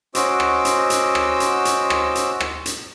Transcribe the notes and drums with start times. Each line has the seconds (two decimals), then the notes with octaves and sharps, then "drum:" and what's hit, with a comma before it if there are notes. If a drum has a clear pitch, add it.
0.15 C#4 F#4 C5 D#5 D6 E6, drum: hi-hat
0.40 drum: rim click
0.65 drum: hi-hat
0.90 drum: hi-hat
1.15 drum: rim click
1.40 drum: hi-hat
1.65 drum: hi-hat
1.90 drum: rim click
2.15 drum: hi-hat
2.40 drum: rim click
2.66 drum: hi-hat